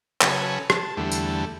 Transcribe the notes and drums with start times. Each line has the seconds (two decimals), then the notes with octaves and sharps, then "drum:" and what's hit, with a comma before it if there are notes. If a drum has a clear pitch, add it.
0.21 C#3 F#3 G#4 A4 B4 C#5, drum: clap
0.70 A5, drum: rim click
0.97 E2 D3 G3 A3
1.12 drum: tambourine